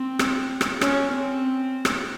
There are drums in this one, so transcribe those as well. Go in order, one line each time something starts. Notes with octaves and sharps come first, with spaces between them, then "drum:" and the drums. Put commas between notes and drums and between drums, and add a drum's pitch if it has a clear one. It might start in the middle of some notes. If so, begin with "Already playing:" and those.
Already playing: C4
drum: rim click
drum: rim click
C#4, drum: rim click
C4
drum: rim click